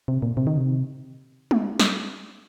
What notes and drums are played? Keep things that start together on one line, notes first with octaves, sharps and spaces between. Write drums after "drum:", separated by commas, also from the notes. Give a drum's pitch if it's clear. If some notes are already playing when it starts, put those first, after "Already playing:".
C3
A#2
C3
D#3
C3
drum: tom
drum: snare